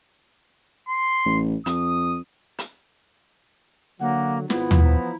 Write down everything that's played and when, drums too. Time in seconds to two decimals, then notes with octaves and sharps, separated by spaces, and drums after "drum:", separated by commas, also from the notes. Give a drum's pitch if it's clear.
0.88 C6
1.25 A1
1.66 F2 D#6, drum: hi-hat
2.58 drum: hi-hat
4.01 D3 F#3 A#3 F#5
4.50 G#1 B3 E4 F4, drum: snare
4.71 drum: tom
4.83 E3 F3 A#5